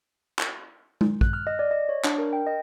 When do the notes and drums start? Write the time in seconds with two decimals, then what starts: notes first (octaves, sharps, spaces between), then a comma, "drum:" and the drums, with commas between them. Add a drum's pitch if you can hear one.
0.39 drum: clap
1.01 drum: tom G#3
1.21 F#6, drum: kick
1.33 F6
1.47 D#5
1.59 D5
1.71 D#5
1.89 C#5
2.04 D4, drum: clap
2.18 A#4
2.33 G5
2.47 D#5